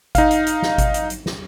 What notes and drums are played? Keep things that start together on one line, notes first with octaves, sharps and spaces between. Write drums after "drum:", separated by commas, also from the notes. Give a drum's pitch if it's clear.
D#4 F5, drum: kick G#1, hi-hat
drum: hi-hat
drum: hi-hat
drum: snare
drum: kick G#1, hi-hat
drum: hi-hat
drum: hi-hat
drum: snare